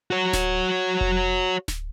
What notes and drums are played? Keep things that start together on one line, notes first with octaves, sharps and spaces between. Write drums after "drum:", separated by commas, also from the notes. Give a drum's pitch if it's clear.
F#4 C#5
drum: snare D1
drum: kick F1
drum: snare D1